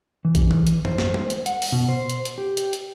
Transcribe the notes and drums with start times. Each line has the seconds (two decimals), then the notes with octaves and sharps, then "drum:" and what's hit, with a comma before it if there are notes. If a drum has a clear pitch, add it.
0.25 E3
0.35 drum: kick, hi-hat
0.51 drum: tom
0.67 drum: hi-hat
0.85 C5, drum: tom F#2
0.98 drum: snare
1.14 drum: tom
1.30 drum: hi-hat
1.46 F#5, drum: hi-hat
1.62 drum: open hi-hat
1.72 B2
1.89 C5
2.10 drum: hi-hat
2.25 drum: hi-hat
2.38 G4
2.57 drum: hi-hat
2.73 drum: hi-hat